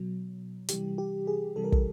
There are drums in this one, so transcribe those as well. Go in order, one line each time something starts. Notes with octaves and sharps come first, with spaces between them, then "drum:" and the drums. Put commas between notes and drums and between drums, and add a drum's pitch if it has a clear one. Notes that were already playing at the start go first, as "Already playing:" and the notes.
Already playing: B2 F#3
C3 E3 G3 G4, drum: hi-hat
G4
G#4
C3 E3 G3 A4
A#4
A4, drum: kick